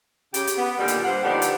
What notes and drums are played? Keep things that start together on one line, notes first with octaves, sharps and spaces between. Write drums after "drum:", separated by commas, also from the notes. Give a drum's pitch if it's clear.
C#3 G4, drum: hi-hat
drum: hi-hat
B3
A#2 D3 D#3 G3
drum: hi-hat
G2 C5 F#5
D3 F3 B3 D4 D#4 G4
drum: hi-hat